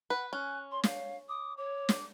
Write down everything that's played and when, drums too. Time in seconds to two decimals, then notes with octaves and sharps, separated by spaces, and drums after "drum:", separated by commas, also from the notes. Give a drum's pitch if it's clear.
0.10 B4 F#5
0.33 C#4 G#5 F#6
0.71 C#5 C6
0.84 F5, drum: snare
1.29 D6 D#6
1.57 C#5 D6
1.89 drum: snare